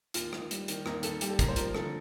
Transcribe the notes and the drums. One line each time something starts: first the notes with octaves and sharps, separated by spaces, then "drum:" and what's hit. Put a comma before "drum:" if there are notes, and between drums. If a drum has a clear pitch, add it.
D#2 F4, drum: hi-hat
D#3, drum: rim click
G3, drum: hi-hat
D#3, drum: hi-hat
D#2 A#4, drum: rim click
D#2 A4, drum: hi-hat
G3 G4, drum: hi-hat
A4
D#2 A#4, drum: kick, hi-hat
C5
F3 A#4, drum: hi-hat
D3 A4, drum: rim click